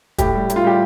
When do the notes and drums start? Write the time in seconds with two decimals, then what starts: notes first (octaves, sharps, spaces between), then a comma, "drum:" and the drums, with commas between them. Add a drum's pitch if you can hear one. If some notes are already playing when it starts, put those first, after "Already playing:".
0.18 A2 G4, drum: kick, hi-hat
0.34 G3
0.50 A2, drum: hi-hat
0.56 F4
0.64 G3 G4